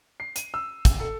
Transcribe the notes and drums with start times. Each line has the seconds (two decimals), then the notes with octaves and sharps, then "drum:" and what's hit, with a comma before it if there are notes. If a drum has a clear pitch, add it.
0.20 C7
0.36 D#7, drum: hi-hat
0.54 E6
0.85 drum: kick, hi-hat
1.00 A4